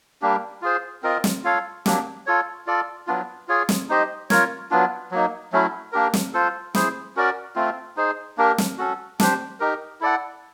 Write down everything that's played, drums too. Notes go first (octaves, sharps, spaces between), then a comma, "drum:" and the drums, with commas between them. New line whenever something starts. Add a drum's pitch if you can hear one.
G3 A#3 D4 G4
F4 G#4 C5
C4 F4 A#4 D#5
drum: snare
F4 A4 C#5 F5
F#3 A#3 D4 G4, drum: snare
F4 A4 C#5
F4 A4 D5
F#3 B3 D4 F4
F4 G#4 C#5
drum: snare
D#4 G4 C5 D#5
F4 A#4 C#5, drum: snare
F#3 B3 D4 F4
F#3 A#3 D#4
F#3 A3 C#4 E4
A#3 D4 G4 A#4
drum: snare
F4 A4 C5
E4 G#4 C5, drum: snare
C#4 F#4 A#4 D5
A3 C4 F4
D#4 G#4 C5
A#3 D4 G4 A#4
drum: snare
C#4 F#4 A4
D4 G4 C5, drum: snare
D#4 G4 A#4
E4 A4 D5 F#5